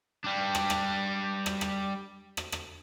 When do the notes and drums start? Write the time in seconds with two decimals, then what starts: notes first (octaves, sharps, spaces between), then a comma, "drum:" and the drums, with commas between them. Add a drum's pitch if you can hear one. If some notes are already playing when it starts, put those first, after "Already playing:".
0.24 G3 D4
0.55 drum: rim click
0.70 drum: rim click
1.46 drum: rim click
1.61 drum: rim click
2.37 drum: rim click
2.52 drum: rim click